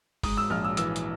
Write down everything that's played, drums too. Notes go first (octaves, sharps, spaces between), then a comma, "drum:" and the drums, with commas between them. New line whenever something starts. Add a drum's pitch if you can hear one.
G#2 D#6, drum: kick, open hi-hat
E6
A#1 F6
E6
E3 E6, drum: hi-hat
drum: hi-hat